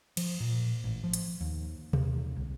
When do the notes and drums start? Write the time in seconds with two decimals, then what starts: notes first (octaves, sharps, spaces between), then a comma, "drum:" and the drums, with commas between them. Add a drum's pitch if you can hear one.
0.17 F3, drum: cymbal
0.40 A#2
0.84 A1
1.04 F3
1.14 drum: hi-hat
1.41 D#2
1.93 D#2, drum: tom B2
2.36 C2